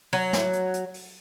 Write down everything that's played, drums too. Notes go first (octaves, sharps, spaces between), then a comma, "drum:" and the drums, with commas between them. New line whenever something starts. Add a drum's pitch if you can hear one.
F#3, drum: open hi-hat
drum: snare
drum: hi-hat
drum: hi-hat
drum: open hi-hat